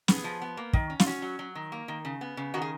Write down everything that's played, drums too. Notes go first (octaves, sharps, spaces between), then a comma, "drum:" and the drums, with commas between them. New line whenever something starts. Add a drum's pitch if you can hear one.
B3 G#4, drum: snare
F3
B3
A#3
D#3, drum: kick
C#4
F4, drum: snare
C#4 F#4
F#3
F#3
D#3
A#3
D#3
C#3
B3
C#3
D#3 F#4
G#4